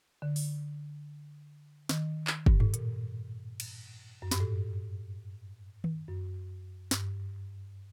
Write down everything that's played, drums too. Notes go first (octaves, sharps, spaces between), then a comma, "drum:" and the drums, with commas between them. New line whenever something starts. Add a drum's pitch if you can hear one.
D3
drum: open hi-hat
D#3, drum: snare
drum: clap
G2, drum: kick
A2, drum: tom G2
A#2, drum: hi-hat
drum: cymbal
F#2
G2, drum: snare
A2
drum: tom D#3
F#2
G2, drum: snare